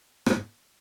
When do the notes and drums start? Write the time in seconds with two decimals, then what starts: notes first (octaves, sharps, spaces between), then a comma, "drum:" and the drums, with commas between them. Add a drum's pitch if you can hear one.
0.26 G#2, drum: rim click